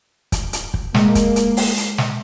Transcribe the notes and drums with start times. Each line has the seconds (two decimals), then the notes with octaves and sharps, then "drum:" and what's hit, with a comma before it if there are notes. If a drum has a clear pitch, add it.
0.32 drum: kick, hi-hat
0.53 drum: hi-hat
0.74 drum: kick
0.94 G#3 A#3, drum: snare
1.15 drum: kick, hi-hat
1.36 drum: hi-hat
1.57 drum: open hi-hat
1.77 drum: hi-hat
1.98 drum: snare